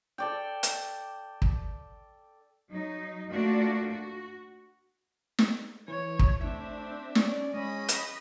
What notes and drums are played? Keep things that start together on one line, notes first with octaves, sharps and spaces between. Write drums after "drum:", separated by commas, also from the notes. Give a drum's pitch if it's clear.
A4 D5 G5
drum: hi-hat
drum: kick
F#3 D#4
A3 A#3 D4 F4 F#4
F#4
drum: snare
E3 C#5
drum: kick
A3 C4 D4 E5
C#4 D5, drum: snare
G#3 C#4 D#5 B5
drum: hi-hat